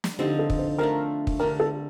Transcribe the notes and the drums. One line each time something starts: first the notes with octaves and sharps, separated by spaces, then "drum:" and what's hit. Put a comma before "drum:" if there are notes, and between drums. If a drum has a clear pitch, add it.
drum: snare
D3 F3 C4 D#4 G4
A4
drum: kick
C5
F3 A3 D4 A#4
drum: kick
D3 G3 D4 A#4
A4